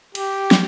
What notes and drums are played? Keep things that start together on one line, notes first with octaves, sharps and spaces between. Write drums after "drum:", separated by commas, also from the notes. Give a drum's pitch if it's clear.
G4, drum: cymbal
drum: snare